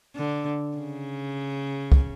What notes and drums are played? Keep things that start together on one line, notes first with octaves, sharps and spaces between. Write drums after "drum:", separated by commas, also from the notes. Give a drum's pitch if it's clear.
D3
C#3
drum: kick C2